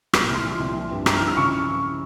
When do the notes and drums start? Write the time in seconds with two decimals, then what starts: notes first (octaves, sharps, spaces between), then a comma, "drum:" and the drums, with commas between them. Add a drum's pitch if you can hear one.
0.13 A#2 F6, drum: rim click
0.29 C2
0.34 C6
0.44 F3
0.60 C2
0.75 F3
0.91 G2
1.06 G2 A#5, drum: rim click
1.17 F3 F6
1.27 E6
1.37 C#3 C#6